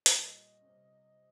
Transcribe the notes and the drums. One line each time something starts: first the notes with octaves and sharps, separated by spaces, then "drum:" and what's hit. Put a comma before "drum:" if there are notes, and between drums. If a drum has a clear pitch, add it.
A#2 G3 C#4 D#5, drum: hi-hat
C3 G3 C#4